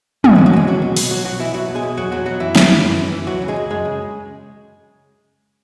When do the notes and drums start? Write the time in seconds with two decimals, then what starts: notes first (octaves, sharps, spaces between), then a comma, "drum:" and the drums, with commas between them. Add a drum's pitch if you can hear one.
0.24 F#2 G#3 G#4, drum: tom
0.35 F#3 F#4
0.38 E3
0.46 F#3 F#4
0.53 E3 G#3 G#4
0.67 C#2 F#3 F#4
0.82 B2
0.97 B2, drum: open hi-hat
1.11 B1 F#3 F#4
1.25 B2 F#3 F#4
1.40 B2 E3 E4
1.53 B1 F#3 F#4
1.68 B2
1.75 G#3 G#4
1.83 B2
1.97 E2 F#3 F#4
2.11 B2 F#3 F#4
2.26 B2 F#3 F#4
2.40 F#2 E3 E4
2.56 E3, drum: snare
2.69 E3
2.84 F#2
2.99 E3
3.12 E3
3.27 C#2 F#3 F#4
3.42 C#3
3.48 G#3 G#4
3.56 C#2
3.70 F#2 G#3 G#4
3.85 C#3